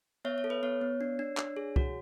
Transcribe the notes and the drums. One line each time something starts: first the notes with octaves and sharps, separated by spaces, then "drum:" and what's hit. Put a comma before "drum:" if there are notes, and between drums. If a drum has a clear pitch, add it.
B3 C#5 E5
C#5
A4
B4
B3 C#5
B3
D4
D4
D4, drum: clap
G#4
F#4, drum: kick C2